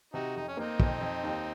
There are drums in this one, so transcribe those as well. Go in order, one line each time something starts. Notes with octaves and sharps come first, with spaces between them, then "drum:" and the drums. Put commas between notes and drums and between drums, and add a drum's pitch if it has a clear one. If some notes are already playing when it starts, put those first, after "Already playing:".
C3 D#4 F#4
F2 D#4
C#4
A#3 C4 D#4
F2, drum: kick
F2
D#2